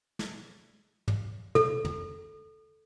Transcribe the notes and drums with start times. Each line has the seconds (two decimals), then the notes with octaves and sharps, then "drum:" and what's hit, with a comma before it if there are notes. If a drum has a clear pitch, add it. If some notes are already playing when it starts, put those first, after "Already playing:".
0.19 drum: snare
1.08 drum: tom
1.55 A4, drum: tom
1.85 drum: tom